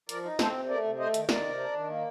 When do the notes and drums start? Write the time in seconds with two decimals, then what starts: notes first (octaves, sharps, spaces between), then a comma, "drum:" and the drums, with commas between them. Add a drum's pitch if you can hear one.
0.09 F3 A#4 D5, drum: hi-hat
0.24 D#4
0.39 C4 A4 C5, drum: snare
0.54 C3
0.69 A3 A#4 D5
0.84 C3
0.99 A3 C5 D#5
1.14 D#3, drum: hi-hat
1.29 D#3 A#4 D5, drum: snare
1.44 C3
1.59 D4
1.74 D#3
1.89 A#3